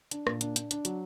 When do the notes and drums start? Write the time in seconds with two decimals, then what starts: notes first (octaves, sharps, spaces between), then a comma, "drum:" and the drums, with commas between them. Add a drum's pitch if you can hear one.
0.11 D4, drum: hi-hat
0.27 A#2, drum: rim click
0.41 D4, drum: hi-hat
0.56 D4, drum: hi-hat
0.71 D4, drum: hi-hat
0.85 F#3, drum: hi-hat